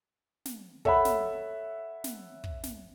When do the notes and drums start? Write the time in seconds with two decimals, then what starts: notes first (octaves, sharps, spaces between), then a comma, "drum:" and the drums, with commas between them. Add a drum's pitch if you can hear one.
0.45 drum: snare
0.85 A4 C#5 E5 F#5 B5, drum: kick
1.05 drum: snare
2.04 drum: snare
2.44 drum: kick
2.63 drum: snare